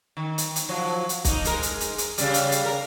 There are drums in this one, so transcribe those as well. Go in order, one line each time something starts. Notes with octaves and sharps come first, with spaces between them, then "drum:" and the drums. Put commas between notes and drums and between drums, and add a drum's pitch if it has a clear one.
D#3
drum: hi-hat
drum: hi-hat
F3 F#3
drum: hi-hat
A#3 D#4, drum: kick, hi-hat
G#3 A#4, drum: hi-hat
drum: hi-hat
drum: hi-hat
drum: hi-hat
C#3 G3, drum: hi-hat
drum: hi-hat
drum: hi-hat
A#4